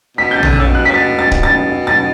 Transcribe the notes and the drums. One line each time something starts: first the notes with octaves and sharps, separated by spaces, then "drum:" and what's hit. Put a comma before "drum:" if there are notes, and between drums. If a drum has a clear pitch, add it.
B2 B6
G6
A6
D3, drum: tom A#1
C#3 E6
B2
F#6
B6
C#3
B2 A6
A6
B2, drum: kick
A6
A6